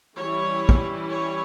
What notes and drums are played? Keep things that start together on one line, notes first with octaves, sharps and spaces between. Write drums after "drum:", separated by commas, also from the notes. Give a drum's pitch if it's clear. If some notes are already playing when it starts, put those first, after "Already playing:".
E3 G3 C#4 E4 C#5
drum: kick
C#5